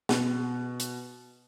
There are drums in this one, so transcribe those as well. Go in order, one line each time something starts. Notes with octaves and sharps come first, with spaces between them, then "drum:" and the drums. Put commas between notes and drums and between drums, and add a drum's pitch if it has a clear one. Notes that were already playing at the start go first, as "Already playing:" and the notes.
B2, drum: snare
drum: hi-hat